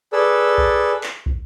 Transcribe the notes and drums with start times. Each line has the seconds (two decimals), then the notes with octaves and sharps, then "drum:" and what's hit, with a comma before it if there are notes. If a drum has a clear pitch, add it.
0.13 G#4 A4 B4 D5 E6
0.58 drum: kick
1.03 drum: clap
1.26 drum: kick